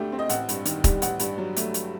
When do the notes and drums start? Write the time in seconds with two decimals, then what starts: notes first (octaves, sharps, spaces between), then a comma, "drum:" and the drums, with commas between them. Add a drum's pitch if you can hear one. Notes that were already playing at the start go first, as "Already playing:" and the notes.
Already playing: D2 D3 A3 G4
0.12 C4
0.19 D#5
0.29 A1 F#5, drum: hi-hat
0.49 G2, drum: hi-hat
0.65 D#3, drum: hi-hat
0.84 G3, drum: kick, hi-hat
1.02 A1 F#5, drum: hi-hat
1.19 G2, drum: hi-hat
1.38 F#3
1.56 A3, drum: hi-hat
1.74 drum: hi-hat